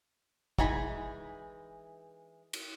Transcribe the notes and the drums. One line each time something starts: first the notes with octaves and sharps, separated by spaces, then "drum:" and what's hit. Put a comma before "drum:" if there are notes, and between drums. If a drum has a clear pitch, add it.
E3 G#3 D#4 G#5 B5, drum: kick
drum: cymbal